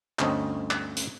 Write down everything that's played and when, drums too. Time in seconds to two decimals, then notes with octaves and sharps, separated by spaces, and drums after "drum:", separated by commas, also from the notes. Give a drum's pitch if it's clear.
0.19 G1 D2 C4 C#4 A4 D#5, drum: clap
0.71 drum: clap
0.97 drum: hi-hat